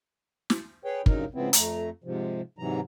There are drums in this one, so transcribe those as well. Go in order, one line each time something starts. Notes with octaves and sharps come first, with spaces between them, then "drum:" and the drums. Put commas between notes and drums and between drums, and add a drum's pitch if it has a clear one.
drum: snare
G#4 B4 C#5 G5
G2 C#3 F#3 D#4 A#4, drum: kick
G#2 C#3 F3 B3 C4 E4
F2 A3 A#5, drum: hi-hat
G#2 C3 F3
G#2 C3 E3 F#3 A#5